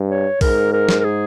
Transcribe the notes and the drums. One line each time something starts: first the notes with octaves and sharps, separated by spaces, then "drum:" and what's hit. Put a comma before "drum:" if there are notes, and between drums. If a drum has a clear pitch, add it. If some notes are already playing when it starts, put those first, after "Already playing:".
Already playing: G2
C#5
G#2 A#4, drum: kick B1, open hi-hat
A#4
drum: snare
A#4
G#4